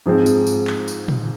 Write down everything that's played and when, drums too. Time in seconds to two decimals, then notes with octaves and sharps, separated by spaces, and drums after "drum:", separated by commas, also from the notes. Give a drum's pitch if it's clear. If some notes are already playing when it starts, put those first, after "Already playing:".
0.06 G#2 F3 G#3 C4
0.26 drum: tambourine
0.47 drum: tambourine
0.67 drum: clap
0.88 drum: tambourine
1.08 drum: tom